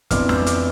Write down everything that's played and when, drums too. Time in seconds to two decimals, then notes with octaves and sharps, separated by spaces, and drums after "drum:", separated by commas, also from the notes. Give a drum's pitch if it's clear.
0.11 F2 E3 B3 D4 D6 F6, drum: kick, hi-hat
0.29 E6 G6, drum: snare
0.46 D6 F6, drum: hi-hat